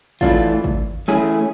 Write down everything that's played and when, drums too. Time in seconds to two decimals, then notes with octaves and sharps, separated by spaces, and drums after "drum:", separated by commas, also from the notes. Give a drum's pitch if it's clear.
0.21 E3 A3 D4 F4, drum: kick G#1
0.64 drum: kick G#1
1.08 E3 A3 C#4 E4 G#4